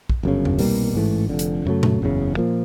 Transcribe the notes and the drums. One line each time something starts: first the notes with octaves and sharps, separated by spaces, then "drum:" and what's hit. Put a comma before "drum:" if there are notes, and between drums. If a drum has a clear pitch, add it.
drum: kick
G1 F#2 C#3
drum: tom E2
C2 B2 G3 A#3, drum: open hi-hat
A1 G#2 E3 A3
F1 F2 D3
drum: hi-hat
F#2 C#3 F#3 A3
drum: tom A#2
F#1 E2 C#3
A#2 F3 A#3